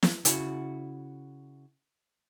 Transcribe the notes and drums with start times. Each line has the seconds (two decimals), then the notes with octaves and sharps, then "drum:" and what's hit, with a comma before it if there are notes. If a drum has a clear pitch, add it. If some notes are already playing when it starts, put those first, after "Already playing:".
0.03 drum: snare
0.25 C#3 E4 F#4, drum: hi-hat